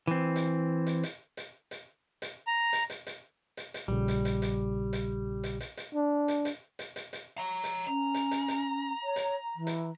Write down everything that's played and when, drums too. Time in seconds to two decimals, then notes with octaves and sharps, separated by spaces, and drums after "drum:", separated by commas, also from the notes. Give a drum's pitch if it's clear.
0.07 E3 C4
0.36 drum: hi-hat
0.87 drum: hi-hat
1.03 drum: hi-hat
1.37 drum: hi-hat
1.71 drum: hi-hat
2.22 drum: hi-hat
2.47 A#5
2.73 drum: hi-hat
2.90 drum: hi-hat
3.07 drum: hi-hat
3.57 drum: hi-hat
3.74 drum: hi-hat
3.88 A#1 A#2 C#3 G3
4.08 drum: hi-hat
4.25 drum: hi-hat
4.42 drum: hi-hat
4.93 drum: hi-hat
5.44 drum: hi-hat
5.60 drum: hi-hat
5.77 drum: hi-hat
5.94 D4
6.28 drum: hi-hat
6.45 drum: hi-hat
6.79 drum: hi-hat
6.96 drum: hi-hat
7.13 drum: hi-hat
7.38 C#5 A#5
7.64 drum: hi-hat
7.87 C#4 A#5
8.14 drum: hi-hat
8.31 drum: hi-hat
8.48 drum: hi-hat
9.03 C#5
9.16 drum: hi-hat
9.56 E3
9.67 drum: hi-hat